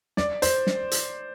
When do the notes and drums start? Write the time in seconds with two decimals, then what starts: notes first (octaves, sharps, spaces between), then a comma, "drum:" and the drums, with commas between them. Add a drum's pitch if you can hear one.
0.17 D5, drum: snare
0.42 C5, drum: hi-hat
0.67 drum: snare
0.91 drum: hi-hat